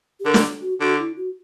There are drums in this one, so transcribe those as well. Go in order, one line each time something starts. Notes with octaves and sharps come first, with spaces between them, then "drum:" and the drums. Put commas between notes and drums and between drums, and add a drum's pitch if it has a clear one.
G4
D3 A#4
drum: snare
F#4
D3 F#4
E4
F#4